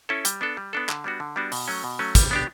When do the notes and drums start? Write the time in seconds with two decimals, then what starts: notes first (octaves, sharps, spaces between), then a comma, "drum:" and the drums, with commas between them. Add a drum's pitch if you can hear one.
0.09 C#4 E4 A4
0.25 G3, drum: hi-hat
0.41 B3 D4 A4
0.57 G3
0.73 B3 D4 A4
0.89 D3, drum: clap
1.04 G3 B3 D4 F#4
1.20 D3
1.36 G3 B3 D4 F#4
1.52 B2, drum: open hi-hat
1.68 F#3 A3 C#4
1.84 B2
1.99 F#3 A3 C#4
2.15 G3, drum: kick, hi-hat
2.31 B3 D4 G4